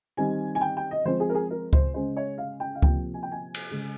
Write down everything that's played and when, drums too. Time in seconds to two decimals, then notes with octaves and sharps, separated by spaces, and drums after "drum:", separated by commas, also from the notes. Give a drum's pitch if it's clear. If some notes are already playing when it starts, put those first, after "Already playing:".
0.17 D#3 G3 C4 G#5
0.55 G#5
0.61 G5
0.77 G5
0.91 D#5
1.05 F3 G#3 C4 C5
1.20 G#4
1.30 A#4
1.35 G#4
1.51 A#4
1.73 C5, drum: kick C#2
1.94 C#3 G#3 C#4 C5
2.17 C#5
2.38 F5
2.60 G5
2.75 F5
2.82 C3 F3 A#3 G5, drum: kick C#2
3.14 G#5
3.23 G5
3.32 G#5
3.54 drum: cymbal
3.71 C#3 G#3 C#4